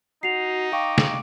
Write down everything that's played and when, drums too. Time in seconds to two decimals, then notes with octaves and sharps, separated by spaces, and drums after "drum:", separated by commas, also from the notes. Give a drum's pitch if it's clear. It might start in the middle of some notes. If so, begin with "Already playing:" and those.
0.23 D#4 F#4 C7 F7
0.72 F5 G5 C#6 D6
0.98 drum: snare